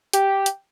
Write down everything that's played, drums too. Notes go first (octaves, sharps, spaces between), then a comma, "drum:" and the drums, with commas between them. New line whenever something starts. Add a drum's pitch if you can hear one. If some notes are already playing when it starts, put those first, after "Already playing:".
G4, drum: hi-hat
drum: hi-hat